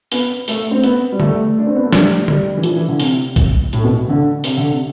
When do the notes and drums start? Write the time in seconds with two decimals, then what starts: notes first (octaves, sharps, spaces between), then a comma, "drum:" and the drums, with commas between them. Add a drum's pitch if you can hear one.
0.12 B3, drum: open hi-hat
0.48 A3, drum: open hi-hat
0.71 C4
0.84 B3, drum: hi-hat
1.12 G3
1.20 A3, drum: tom D3
1.58 D4
1.66 C4
1.76 B3
1.83 A3
1.93 G3, drum: snare
2.28 G3, drum: tom D3
2.57 E3
2.63 F3, drum: hi-hat
2.76 E3
2.88 D3
3.00 C3, drum: open hi-hat
3.36 drum: kick B1, hi-hat
3.73 A2, drum: hi-hat
3.84 B2
4.09 D3
4.44 C3, drum: open hi-hat
4.57 D3
4.68 C3